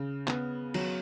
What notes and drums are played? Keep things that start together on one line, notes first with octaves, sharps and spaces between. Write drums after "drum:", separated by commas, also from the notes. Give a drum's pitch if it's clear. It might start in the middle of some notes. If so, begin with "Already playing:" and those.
Already playing: C#3
B3, drum: clap
F#3, drum: cymbal